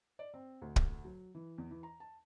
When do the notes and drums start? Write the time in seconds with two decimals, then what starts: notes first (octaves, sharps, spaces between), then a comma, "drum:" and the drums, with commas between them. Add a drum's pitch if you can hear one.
0.19 D5
0.34 C4
0.62 D2
0.76 drum: kick
1.05 F#3
1.35 E3
1.58 E2
1.71 E3
1.83 A#5
2.00 A5